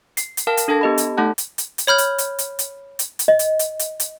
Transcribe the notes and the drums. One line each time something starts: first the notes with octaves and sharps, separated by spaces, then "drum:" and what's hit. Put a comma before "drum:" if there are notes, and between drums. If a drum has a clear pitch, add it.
C7, drum: hi-hat
drum: hi-hat
A#4 F5 G5 A5 F6
drum: hi-hat
D4 A4 G5 A5 G#6 A#6
B3 G4 D#5 A5 B5
drum: hi-hat
A3 D#4 A4 F#5 A5 F#6
drum: hi-hat
drum: hi-hat
drum: hi-hat
C#5 B5 F6 G6
drum: hi-hat
drum: hi-hat
drum: hi-hat
drum: hi-hat
drum: hi-hat
drum: hi-hat
D#5
drum: hi-hat
drum: hi-hat
drum: hi-hat
drum: hi-hat